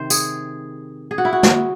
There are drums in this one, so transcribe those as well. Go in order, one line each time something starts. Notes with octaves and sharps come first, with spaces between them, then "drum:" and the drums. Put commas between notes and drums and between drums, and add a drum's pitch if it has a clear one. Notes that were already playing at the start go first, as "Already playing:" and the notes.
Already playing: C3 D#3 C5
G#4, drum: tambourine
G#4
F#4
E4
F#4
drum: snare